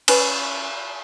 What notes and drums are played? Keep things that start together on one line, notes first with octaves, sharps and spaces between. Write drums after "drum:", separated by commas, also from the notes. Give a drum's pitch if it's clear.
C#4 B4, drum: cymbal